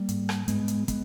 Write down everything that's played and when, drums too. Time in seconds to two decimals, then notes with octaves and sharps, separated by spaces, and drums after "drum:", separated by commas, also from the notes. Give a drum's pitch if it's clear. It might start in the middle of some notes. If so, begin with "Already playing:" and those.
Already playing: G3 A#3
0.09 G#2, drum: hi-hat
0.29 drum: rim click
0.48 G#2 G#3 B3, drum: hi-hat
0.68 drum: hi-hat
0.88 G#3 B3, drum: kick, hi-hat